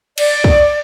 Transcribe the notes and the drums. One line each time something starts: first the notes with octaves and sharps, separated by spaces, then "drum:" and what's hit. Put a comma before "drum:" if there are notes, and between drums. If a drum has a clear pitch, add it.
D5, drum: cymbal
drum: kick